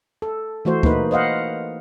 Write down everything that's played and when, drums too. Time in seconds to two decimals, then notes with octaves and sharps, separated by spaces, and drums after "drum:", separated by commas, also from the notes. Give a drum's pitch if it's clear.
0.22 A4
0.65 E3 A3 F#4 C5
0.83 A#3 D#4 B4, drum: kick
1.11 C5 D#5 F5 F#5